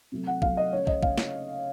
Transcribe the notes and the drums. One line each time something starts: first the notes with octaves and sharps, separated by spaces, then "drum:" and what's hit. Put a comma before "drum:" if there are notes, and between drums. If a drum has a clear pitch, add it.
C3 F#3 A3
F#5
C3 F#3 A3 F5, drum: kick
D#5
C#3 A3 C#5
D#5, drum: kick
C#3 A3 F5, drum: kick
drum: snare